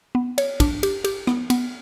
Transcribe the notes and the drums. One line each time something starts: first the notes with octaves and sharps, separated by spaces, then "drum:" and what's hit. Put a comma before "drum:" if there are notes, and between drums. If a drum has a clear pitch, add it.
B3
C#5, drum: cymbal
D4, drum: kick, cymbal
G4, drum: cymbal
G4, drum: cymbal
B3, drum: rim click
B3, drum: cymbal